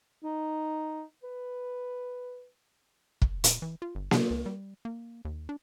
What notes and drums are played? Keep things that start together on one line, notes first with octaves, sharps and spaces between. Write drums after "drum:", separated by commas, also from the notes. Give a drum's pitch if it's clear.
D#4
B4
drum: kick
A#2, drum: hi-hat
E3
F4
G1
F#3, drum: snare A#3
C#2
G3
A#3
D#2
D4